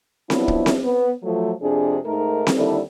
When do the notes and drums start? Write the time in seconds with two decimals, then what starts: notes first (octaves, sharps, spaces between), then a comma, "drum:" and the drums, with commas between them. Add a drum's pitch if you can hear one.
0.30 F3 F#3 B3 D4 E4, drum: snare C4
0.48 drum: kick
0.66 drum: snare C4
0.83 B3
1.23 F3 F#3 A3
1.61 F2 C3 D4 G#4
2.06 G#2 A3 D#4 A#4
2.47 drum: snare C4
2.56 D#2 D3 D#3 G3 E4 A4